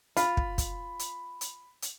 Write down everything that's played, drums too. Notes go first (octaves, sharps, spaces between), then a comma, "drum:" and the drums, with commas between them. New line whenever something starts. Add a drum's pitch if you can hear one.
F4 B5, drum: hi-hat
drum: kick
drum: kick, hi-hat
drum: hi-hat
drum: hi-hat
drum: hi-hat